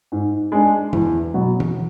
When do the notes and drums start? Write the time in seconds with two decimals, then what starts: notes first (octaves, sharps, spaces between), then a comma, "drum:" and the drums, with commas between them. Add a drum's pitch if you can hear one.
0.12 G#2
0.52 G#3 D4
0.93 E2, drum: tom E3
1.34 B2 F#3
1.60 drum: tom E3